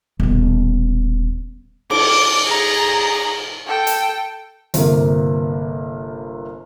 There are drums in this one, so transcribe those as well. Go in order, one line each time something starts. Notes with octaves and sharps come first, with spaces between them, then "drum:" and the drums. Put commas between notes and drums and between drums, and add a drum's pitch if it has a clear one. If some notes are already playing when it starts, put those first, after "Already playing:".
D#1 B2
D6, drum: cymbal
G#4 A#5
A4 G5
drum: hi-hat
G1 C3 A#3, drum: hi-hat